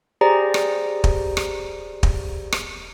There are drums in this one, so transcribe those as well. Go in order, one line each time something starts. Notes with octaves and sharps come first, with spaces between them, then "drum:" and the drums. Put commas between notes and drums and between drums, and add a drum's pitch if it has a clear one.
G4 G#4 C5 D5 A#5
drum: rim click
drum: kick
drum: rim click
drum: kick
drum: rim click